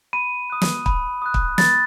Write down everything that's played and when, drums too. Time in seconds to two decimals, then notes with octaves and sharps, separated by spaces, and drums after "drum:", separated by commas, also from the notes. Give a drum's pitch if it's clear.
0.13 B5 D#7
0.50 D#6 F#6
0.61 drum: snare
0.86 B5, drum: kick
1.22 D#6 F#6
1.34 drum: kick
1.58 B5 A6, drum: snare